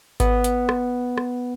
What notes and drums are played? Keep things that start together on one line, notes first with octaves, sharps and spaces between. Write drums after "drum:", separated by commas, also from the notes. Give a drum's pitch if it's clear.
B3, drum: kick G#1, hi-hat
drum: hi-hat
drum: rim click
drum: rim click